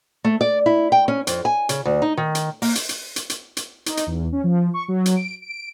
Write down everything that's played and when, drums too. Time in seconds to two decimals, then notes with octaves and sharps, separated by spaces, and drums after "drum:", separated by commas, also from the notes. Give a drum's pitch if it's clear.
0.24 A3
0.41 D5
0.66 E4
0.92 G5
1.08 C#4
1.27 F2, drum: hi-hat
1.45 G#5
1.69 C#3, drum: hi-hat
1.85 D2
2.02 D#4
2.17 D#3
2.35 drum: hi-hat
2.62 A#3, drum: open hi-hat
2.75 drum: hi-hat
2.89 drum: hi-hat
3.16 drum: hi-hat
3.30 drum: hi-hat
3.57 drum: hi-hat
3.86 D#4, drum: hi-hat
3.97 drum: hi-hat
4.07 E2
4.32 C#4
4.44 F3
4.74 C#6
4.88 F#3
5.06 drum: hi-hat
5.16 D7
5.42 D7